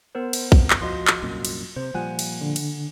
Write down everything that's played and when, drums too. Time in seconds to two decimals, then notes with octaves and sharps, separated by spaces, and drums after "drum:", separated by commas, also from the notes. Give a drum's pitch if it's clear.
0.15 B3 A#4 C5
0.33 drum: cymbal
0.52 drum: kick A#1
0.70 drum: clap
0.82 F3 F#4 D#5 C6
1.07 drum: clap
1.23 C2 F#2 A#2
1.45 drum: cymbal
1.76 C3 C5
1.94 A#2 F3 G3 F#5 G#5 F#6
2.19 drum: cymbal
2.41 D3
2.56 drum: cymbal